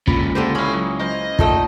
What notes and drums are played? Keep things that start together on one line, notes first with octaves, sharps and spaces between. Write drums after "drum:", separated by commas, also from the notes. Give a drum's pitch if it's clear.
C#2 A#2 D3 B5, drum: kick
A#2 D3 G4 C5
E3 A#3 C#4 G#4 C#5 B5
F#3
A#4 C5 D#5
A#2 A3 D#4 G5, drum: kick